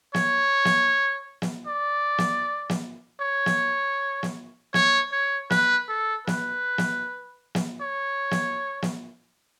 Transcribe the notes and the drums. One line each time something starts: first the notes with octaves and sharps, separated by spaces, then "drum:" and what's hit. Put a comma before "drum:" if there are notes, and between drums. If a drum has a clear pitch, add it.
C#5, drum: snare
drum: snare
drum: snare
D5
drum: snare
drum: snare
C#5
drum: snare
drum: snare
C#5, drum: snare
C#5
B4, drum: snare
A4
B4, drum: snare
drum: snare
drum: snare
C#5
drum: snare
drum: snare